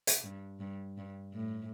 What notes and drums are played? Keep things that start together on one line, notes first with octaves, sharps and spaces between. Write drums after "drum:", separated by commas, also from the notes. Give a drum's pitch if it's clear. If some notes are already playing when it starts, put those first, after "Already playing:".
drum: hi-hat
G2
G2
G2
A2